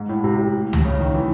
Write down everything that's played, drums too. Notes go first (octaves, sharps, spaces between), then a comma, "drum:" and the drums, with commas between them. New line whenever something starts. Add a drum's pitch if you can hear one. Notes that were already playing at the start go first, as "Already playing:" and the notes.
Already playing: G#2
A2
C3
drum: tom
C#3
D#3
E3